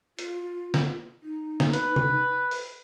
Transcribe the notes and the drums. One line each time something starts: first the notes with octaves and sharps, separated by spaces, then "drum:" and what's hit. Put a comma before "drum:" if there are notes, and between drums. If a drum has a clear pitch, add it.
F4, drum: hi-hat
drum: snare
D#4
drum: snare
B4, drum: hi-hat
drum: tom
drum: open hi-hat